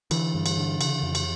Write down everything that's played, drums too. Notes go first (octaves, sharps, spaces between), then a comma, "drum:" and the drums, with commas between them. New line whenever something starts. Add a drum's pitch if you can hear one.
D3 E3, drum: cymbal
G2
drum: cymbal
D3
C#3, drum: cymbal
F2
drum: cymbal